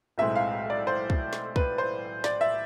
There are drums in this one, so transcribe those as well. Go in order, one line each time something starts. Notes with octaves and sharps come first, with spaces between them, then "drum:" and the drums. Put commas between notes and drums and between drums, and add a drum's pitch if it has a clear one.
B1 A2 G#3 C4 E5
F5
D5
C5
drum: kick
drum: snare
B4, drum: kick
C5
D5, drum: snare
E5